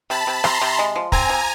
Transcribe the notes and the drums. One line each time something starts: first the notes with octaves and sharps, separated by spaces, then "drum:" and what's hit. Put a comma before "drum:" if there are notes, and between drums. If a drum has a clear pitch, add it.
C3 A5 B5
C3
C3 A#5 C6, drum: rim click
C3
G#3
F3
C4 G#5 A#5, drum: kick
F3